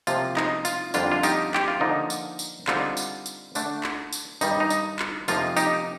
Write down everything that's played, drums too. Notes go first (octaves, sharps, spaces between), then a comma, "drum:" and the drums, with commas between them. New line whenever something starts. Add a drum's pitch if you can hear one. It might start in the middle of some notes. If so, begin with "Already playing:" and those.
C3 F3 A#3 F4, drum: tambourine
D#4, drum: clap
F4, drum: tambourine
F2 D3 G3 A#3 D4 F4, drum: tambourine
F4
D#4 G4, drum: tambourine
G4, drum: clap
F4
D3 F3 A#3 D#4
drum: tambourine
drum: tambourine
D3 G3 C4 D#4 F4, drum: clap
drum: tambourine
drum: tambourine
D3 A3 D4, drum: tambourine
drum: clap
drum: tambourine
G2 D#3 G3 D#4, drum: tambourine
D#4
drum: tambourine
drum: clap
F2 C3 F3 A#3 D#4 F4, drum: tambourine
D#4 G4, drum: tambourine